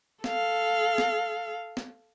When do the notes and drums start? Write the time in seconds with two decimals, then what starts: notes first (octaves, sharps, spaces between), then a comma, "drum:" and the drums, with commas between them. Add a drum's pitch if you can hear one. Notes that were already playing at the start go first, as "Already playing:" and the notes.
0.24 A4 F5, drum: snare
0.98 drum: snare
1.77 drum: snare